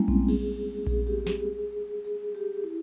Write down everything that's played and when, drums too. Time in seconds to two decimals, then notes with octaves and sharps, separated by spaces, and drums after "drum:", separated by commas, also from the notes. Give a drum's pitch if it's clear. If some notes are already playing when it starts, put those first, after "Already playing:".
Already playing: G3 G#3 A#3 C#4 E4
0.08 C4, drum: kick A#1
0.28 G#4, drum: cymbal
0.87 G#4, drum: kick A#1
1.07 G4
1.27 G#4, drum: snare
2.05 G#4
2.35 G4
2.64 E4